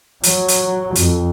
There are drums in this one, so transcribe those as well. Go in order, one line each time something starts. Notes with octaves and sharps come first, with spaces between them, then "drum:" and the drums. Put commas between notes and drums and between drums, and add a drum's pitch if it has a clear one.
F#3, drum: hi-hat
drum: hi-hat
F2, drum: hi-hat